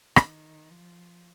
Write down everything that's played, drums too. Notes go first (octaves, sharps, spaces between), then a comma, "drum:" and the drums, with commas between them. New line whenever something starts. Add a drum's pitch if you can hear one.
D#3, drum: rim click
F3